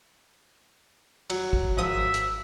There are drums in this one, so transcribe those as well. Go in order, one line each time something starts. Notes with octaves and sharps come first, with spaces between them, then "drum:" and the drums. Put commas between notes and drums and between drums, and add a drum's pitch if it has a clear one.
F#3, drum: cymbal
drum: kick
G#1 F3 E5 D#6
drum: hi-hat